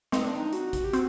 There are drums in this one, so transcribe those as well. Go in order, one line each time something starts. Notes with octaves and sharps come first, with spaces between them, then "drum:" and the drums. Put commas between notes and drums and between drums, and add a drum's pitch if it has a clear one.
C4 D#4, drum: snare
D4
D#4
F#4, drum: hi-hat
drum: kick, hi-hat
G4
C4 F#4, drum: hi-hat